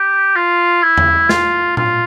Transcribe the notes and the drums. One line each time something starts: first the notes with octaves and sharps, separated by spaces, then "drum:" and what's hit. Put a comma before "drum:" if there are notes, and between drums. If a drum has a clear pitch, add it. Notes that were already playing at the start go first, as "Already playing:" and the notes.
Already playing: G4
F4
E4
drum: tom E2
F4, drum: snare
F4, drum: tom A#2